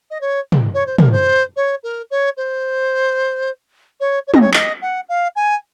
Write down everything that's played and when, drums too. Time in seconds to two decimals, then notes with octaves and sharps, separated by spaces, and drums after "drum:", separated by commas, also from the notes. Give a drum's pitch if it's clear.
0.10 D#5
0.21 C#5
0.52 drum: tom
0.74 C#5
0.86 C5
0.98 A#4, drum: tom
1.11 C5
1.56 C#5
1.83 A#4
2.10 C#5
2.37 C5
4.00 C#5
4.27 C#5
4.34 D#5, drum: tom
4.41 C#5
4.54 D#5, drum: clap
4.82 F#5
5.09 F5
5.35 G#5